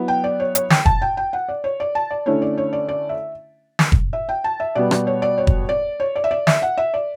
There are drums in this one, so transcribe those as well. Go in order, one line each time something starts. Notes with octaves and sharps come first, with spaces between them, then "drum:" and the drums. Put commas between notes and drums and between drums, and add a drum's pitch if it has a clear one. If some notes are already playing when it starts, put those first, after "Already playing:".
Already playing: F#3 B3 E4
G5
D5
C#5
C#5, drum: hi-hat
G5, drum: snare
A5, drum: kick
G5
G5
F#5
D5
C#5
D5
A5
D5
D3 A3 C#4 E4 C#5
D5
C#5
D5
D5
E5
drum: snare
drum: kick
E5
G5
A5
E5
B2 G3 B3 D5
D5, drum: rim click
C#5
D5
C#5
drum: kick
D5
C#5
D5
E5
D5
E5, drum: snare
F#5
E5
D5